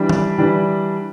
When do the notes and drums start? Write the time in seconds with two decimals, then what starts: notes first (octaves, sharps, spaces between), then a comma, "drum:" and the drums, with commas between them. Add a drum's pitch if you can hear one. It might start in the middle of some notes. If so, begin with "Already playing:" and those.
Already playing: E3 G3 D4 B5
0.09 drum: tom D#3
0.38 E3 G3 D4